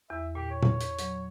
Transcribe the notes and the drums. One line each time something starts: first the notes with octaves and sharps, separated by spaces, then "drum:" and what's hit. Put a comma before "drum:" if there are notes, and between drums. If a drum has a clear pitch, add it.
E2 E5
A#2 G4
C#5
drum: tom A#2
drum: hi-hat
F#3, drum: hi-hat